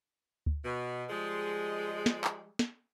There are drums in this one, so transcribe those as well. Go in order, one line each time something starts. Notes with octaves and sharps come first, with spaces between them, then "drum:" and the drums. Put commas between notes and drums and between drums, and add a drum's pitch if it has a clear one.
drum: kick D2
B2
F3 G3 G#3
drum: snare
drum: clap
drum: snare